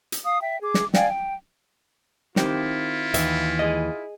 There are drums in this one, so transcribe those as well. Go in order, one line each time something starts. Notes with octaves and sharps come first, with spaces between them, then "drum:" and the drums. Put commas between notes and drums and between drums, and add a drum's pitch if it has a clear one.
drum: hi-hat
F5 D#6
E5 G5
G#4 D6
drum: snare
D5 F5 G5 G#5, drum: snare
G5
D#3 C4 E4 F4 G4, drum: snare
D#2 E3 E5, drum: hi-hat
G#4 D#5